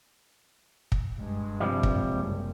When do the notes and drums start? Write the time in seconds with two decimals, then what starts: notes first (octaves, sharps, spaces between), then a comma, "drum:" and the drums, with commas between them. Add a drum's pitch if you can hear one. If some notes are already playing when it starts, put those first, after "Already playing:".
0.92 drum: kick
1.19 G2 G#3
1.60 C3 F3 G3
1.83 drum: kick
2.07 F#1